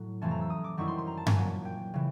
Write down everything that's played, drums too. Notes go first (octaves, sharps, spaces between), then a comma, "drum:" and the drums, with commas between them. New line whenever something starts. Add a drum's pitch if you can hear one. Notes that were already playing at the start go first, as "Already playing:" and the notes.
Already playing: A2 F#3
F2 C3 E3 A3 C#4 A5
A#5
E6
D#6
D6
F#2 D#3 G3 C4 E4 C#6
C6
C6
A#5
A5
G#5, drum: tom G2
A#2 F#3 A#3
G5
C#3 E3